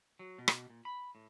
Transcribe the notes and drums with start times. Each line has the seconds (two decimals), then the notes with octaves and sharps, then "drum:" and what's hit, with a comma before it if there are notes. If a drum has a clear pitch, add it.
0.19 F#3
0.38 B2
0.48 drum: rim click
0.70 A#2
0.85 B5
1.15 A2